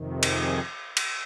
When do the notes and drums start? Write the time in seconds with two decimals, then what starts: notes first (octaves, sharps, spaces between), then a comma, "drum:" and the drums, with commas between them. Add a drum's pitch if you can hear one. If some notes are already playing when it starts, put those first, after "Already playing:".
Already playing: F2 C3 D#3
0.23 G#4, drum: cymbal
0.97 drum: cymbal